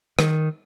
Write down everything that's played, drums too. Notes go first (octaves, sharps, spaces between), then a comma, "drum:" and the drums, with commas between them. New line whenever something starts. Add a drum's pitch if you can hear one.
D#3, drum: rim click